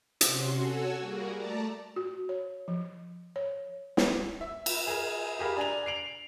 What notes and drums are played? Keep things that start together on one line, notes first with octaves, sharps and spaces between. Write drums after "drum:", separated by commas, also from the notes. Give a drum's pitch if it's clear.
C3 C#4 F#4 C6, drum: hi-hat
F#4 A4 C#5 G#5 E6
G3 A#3 F#4 G#4 A#4
A3 D5 A5 A#5
F#4
C#5
F3
C#5
drum: snare
E5
drum: cymbal
G#4 A#4
G4 G#4 A#4 F5 B5
D4 G#5 A#5 F7
C7 D7 F7 F#7